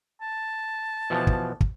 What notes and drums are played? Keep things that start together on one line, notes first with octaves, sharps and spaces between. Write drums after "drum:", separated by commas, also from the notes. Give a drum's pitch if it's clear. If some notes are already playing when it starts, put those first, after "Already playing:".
A5
B2 E3 F3
drum: kick
drum: kick